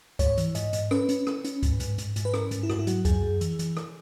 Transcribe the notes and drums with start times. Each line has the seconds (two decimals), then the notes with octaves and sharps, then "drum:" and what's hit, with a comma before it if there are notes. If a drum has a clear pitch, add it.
0.19 G#2 C#5, drum: kick C#2, hi-hat
0.38 E3, drum: hi-hat
0.55 G#2 D#5, drum: hi-hat
0.73 G#2, drum: hi-hat
0.91 C#4 B4, drum: rim click
1.09 C#4, drum: hi-hat
1.27 C#4, drum: rim click
1.45 C#4, drum: hi-hat
1.63 G#2, drum: kick C#2, hi-hat
1.80 G#2, drum: hi-hat
1.98 G#2, drum: hi-hat
2.16 G#2, drum: hi-hat
2.25 B4
2.34 C#4 A#4, drum: rim click
2.51 G#2, drum: hi-hat
2.63 E4
2.70 G#2 F#4, drum: rim click
2.79 E4
2.87 F#3 F#4, drum: hi-hat
3.05 F#2 G#4, drum: kick C#2, hi-hat
3.23 F#2
3.41 E3, drum: hi-hat
3.59 E3, drum: hi-hat
3.77 drum: rim click